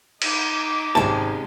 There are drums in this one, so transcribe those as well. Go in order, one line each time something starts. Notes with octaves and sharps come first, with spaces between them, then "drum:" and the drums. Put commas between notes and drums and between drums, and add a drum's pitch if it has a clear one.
D#4 D6, drum: cymbal
G#1 C3 G#3 C#4 A5